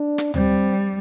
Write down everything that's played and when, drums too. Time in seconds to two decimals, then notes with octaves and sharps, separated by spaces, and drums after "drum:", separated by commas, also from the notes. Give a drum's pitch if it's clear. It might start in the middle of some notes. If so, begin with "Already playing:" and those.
Already playing: D4
0.18 drum: snare
0.34 G3 C4, drum: tom D2